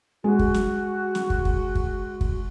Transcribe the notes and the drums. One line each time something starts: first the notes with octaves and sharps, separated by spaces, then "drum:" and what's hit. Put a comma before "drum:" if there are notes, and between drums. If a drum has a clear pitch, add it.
G#3 F#4
drum: kick
drum: snare
drum: snare
drum: kick
drum: kick
drum: kick
drum: kick